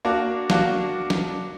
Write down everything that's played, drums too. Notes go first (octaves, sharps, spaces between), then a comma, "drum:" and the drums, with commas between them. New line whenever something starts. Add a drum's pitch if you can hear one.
A#3 D4 F#4
A#3 D4 F#4, drum: snare
drum: snare